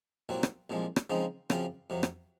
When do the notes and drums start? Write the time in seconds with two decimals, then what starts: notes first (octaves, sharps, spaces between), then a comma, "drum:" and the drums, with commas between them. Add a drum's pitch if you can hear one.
0.29 C2 A#2 F#3 C4 F#4
0.43 drum: rim click
0.70 C2 A#2 F3 G#3
0.96 drum: rim click
1.10 C#3 F3 G#3 C4 D#4
1.50 F#2 C#3 F3 C4 F4, drum: rim click
1.90 F2 C3 F#3
2.03 drum: rim click